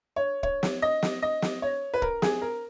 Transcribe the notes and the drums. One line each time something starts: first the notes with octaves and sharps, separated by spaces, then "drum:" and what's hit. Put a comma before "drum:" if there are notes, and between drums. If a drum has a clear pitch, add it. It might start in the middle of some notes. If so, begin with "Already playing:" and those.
C#5
C#5, drum: kick
drum: snare
D#5
drum: snare
D#5
drum: snare
C#5
B4
A#4, drum: kick
G#4, drum: snare
A#4